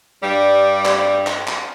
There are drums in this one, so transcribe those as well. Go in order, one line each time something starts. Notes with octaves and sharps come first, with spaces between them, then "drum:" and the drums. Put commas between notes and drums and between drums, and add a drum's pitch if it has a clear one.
G2 G3
drum: clap
drum: clap
drum: clap